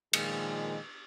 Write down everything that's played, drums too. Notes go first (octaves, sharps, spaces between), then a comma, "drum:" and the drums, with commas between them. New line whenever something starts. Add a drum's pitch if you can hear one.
A#2 D#3 F3 G#3, drum: cymbal